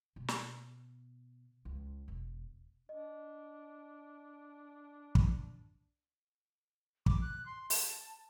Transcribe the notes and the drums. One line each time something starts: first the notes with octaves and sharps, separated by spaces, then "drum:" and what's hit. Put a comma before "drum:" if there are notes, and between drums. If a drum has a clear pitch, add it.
B2
drum: snare
C#2
E1
D4 D#5
drum: kick
D6, drum: kick
F#6
C6
A5, drum: open hi-hat